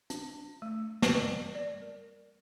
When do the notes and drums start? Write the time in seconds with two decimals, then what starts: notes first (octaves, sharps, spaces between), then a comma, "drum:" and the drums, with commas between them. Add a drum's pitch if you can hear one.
0.10 D4, drum: hi-hat
0.62 A3
1.02 drum: snare
1.15 G3
1.55 D5
1.82 A#4